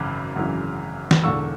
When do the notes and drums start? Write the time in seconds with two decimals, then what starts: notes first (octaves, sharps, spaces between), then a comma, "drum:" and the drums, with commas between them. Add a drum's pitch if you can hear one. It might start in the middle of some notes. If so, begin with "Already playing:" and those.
Already playing: G#1 F#2 C#3 E3 B5 D6
0.36 G#1 F#2 C#3 E3
1.11 drum: snare
1.23 E1 E2 D3 C#6 E6